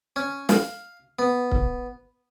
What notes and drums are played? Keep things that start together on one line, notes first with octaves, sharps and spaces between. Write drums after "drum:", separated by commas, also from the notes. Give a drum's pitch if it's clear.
C#4
F5, drum: snare
B3
drum: kick C#1